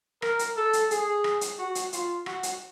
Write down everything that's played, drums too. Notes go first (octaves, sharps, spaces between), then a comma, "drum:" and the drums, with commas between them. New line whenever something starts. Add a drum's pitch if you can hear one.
A#4, drum: rim click
drum: hi-hat
A4
drum: hi-hat
G#4, drum: hi-hat
drum: rim click
drum: hi-hat
F#4
drum: hi-hat
F4, drum: hi-hat
F#4, drum: rim click
drum: hi-hat